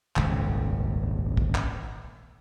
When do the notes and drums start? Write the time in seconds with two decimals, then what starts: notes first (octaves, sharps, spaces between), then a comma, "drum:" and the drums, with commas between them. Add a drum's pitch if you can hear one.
0.16 D#1 G#1 C#2 C#3, drum: clap
1.37 drum: kick
1.55 drum: clap